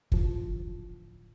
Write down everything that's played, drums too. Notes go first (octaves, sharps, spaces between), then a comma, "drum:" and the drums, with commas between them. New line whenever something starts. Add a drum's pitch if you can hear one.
D1 F3, drum: kick